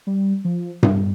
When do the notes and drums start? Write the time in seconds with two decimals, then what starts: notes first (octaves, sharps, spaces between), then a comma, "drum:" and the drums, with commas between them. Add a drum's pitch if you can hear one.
0.07 G3
0.45 F3
0.83 G3, drum: tom G2